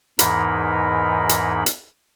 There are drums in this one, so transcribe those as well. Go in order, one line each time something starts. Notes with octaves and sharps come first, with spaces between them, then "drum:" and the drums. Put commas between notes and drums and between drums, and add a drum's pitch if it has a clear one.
E2 G#2 E3 D#4 A#4 B5, drum: hi-hat
drum: hi-hat
drum: hi-hat